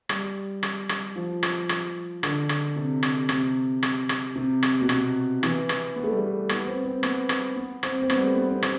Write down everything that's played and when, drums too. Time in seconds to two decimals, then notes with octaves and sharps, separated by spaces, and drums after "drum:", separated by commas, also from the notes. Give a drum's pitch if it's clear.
0.09 G3, drum: rim click
0.63 drum: rim click
0.89 drum: rim click
1.16 F3
1.43 drum: rim click
1.69 drum: rim click
2.23 D3, drum: rim click
2.49 drum: rim click
2.76 C3
3.03 drum: rim click
3.29 C3, drum: rim click
3.83 drum: rim click
4.09 drum: rim click
4.35 C3
4.63 drum: rim click
4.81 B2
4.89 C3, drum: rim click
5.43 E3, drum: rim click
5.69 drum: rim click
5.96 B3
6.04 A3
6.11 G3
6.18 A3
6.49 B3, drum: rim click
6.67 C4
6.85 C4
7.03 B3, drum: rim click
7.29 drum: rim click
7.56 B3
7.83 C4, drum: rim click
8.01 C4
8.10 B3, drum: rim click
8.16 G3
8.22 A3
8.35 B3
8.49 C4
8.62 C4, drum: rim click